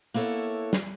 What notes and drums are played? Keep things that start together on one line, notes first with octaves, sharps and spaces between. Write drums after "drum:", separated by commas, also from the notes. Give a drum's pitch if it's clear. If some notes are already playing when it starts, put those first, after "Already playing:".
A#3 B3 E4 A4 C#5
drum: snare